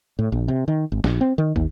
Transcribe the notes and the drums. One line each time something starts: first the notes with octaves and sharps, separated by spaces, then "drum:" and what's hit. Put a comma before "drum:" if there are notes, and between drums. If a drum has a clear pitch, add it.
A2
A#1
C3
D#3
G#1
A#1, drum: snare
C4
D#3
D#2, drum: kick